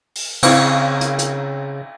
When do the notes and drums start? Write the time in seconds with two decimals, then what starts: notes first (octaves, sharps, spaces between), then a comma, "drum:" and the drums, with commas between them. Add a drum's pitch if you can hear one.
0.15 drum: open hi-hat
0.43 C#3 C4 E4 F5, drum: cymbal
1.01 drum: hi-hat
1.18 drum: hi-hat